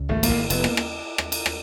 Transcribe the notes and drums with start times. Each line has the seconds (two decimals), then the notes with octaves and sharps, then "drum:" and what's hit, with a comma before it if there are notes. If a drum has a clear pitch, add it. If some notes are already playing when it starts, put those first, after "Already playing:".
Already playing: C#2
0.09 G#1 A3
0.23 A#3, drum: cymbal
0.29 G#1
0.50 F1 B3, drum: cymbal
0.64 A#3, drum: rim click
0.77 drum: rim click
1.18 drum: rim click
1.32 drum: cymbal
1.46 drum: rim click